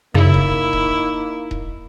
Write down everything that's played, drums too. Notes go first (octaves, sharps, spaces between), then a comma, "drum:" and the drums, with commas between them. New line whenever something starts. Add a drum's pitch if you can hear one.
F#2 C#3 A#3 D#4 E4
drum: kick D#1
drum: kick D#1
drum: kick D#1